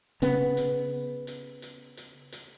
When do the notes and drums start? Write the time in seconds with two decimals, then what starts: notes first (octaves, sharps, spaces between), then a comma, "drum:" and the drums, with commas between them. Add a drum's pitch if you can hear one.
0.22 C#3 B3, drum: hi-hat
0.57 drum: hi-hat
1.27 drum: hi-hat
1.62 drum: hi-hat
1.97 drum: hi-hat
2.32 drum: hi-hat